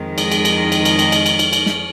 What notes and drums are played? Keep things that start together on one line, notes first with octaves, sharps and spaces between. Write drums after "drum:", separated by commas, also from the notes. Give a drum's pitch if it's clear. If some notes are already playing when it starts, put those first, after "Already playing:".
Already playing: F2 D#3 G#3
D#5, drum: cymbal
drum: cymbal
drum: cymbal
drum: cymbal
drum: cymbal
drum: cymbal
drum: cymbal
drum: cymbal
drum: cymbal
drum: cymbal
drum: snare